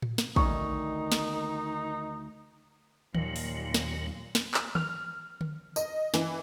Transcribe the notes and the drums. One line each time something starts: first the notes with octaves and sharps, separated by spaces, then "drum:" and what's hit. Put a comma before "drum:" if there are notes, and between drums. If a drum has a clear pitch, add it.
drum: tom A2
drum: snare
D2 D#3 D#4 C#6, drum: kick
drum: snare
D#2 A#2 F#3, drum: tom
drum: open hi-hat
drum: snare
drum: snare
drum: clap
F6, drum: tom
drum: tom D3
D#5, drum: tambourine
E3, drum: snare